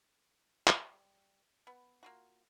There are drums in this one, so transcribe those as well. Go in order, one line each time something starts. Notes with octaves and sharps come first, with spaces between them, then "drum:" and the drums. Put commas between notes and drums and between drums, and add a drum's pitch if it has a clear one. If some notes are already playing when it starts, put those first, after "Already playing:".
G3, drum: clap
B3
A#3 F4 F#4